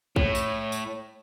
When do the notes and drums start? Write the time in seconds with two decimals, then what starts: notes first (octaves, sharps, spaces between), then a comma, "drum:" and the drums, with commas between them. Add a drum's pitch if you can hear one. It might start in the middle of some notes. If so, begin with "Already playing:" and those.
0.16 A2 C#5, drum: kick
0.35 drum: tambourine
0.72 drum: tambourine